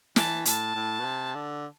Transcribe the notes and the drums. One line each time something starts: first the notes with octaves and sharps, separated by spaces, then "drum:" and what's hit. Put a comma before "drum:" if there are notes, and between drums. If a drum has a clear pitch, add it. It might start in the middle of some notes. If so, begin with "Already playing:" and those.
E3 A5, drum: snare
A2 A5, drum: hi-hat
A2
B2
C3
D3